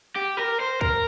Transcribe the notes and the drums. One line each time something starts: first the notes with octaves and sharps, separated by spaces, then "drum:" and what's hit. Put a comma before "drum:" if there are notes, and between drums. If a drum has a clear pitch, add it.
G4
A#4
C5
A#4, drum: kick